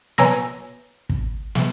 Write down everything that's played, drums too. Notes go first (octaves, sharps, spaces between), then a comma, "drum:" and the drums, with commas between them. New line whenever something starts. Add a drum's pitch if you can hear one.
B4 C#5 G#5 A#5 E6 A#6, drum: snare
drum: kick
drum: snare